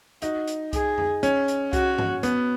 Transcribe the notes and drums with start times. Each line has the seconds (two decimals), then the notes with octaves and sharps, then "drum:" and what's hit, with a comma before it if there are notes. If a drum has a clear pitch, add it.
0.22 D#4 F#4, drum: hi-hat
0.47 drum: hi-hat
0.73 G#4, drum: kick C2, hi-hat
0.98 drum: tom F2
1.23 C#4, drum: hi-hat
1.48 drum: hi-hat
1.73 F#4, drum: kick C2, hi-hat
1.98 drum: tom G2
2.23 B3, drum: hi-hat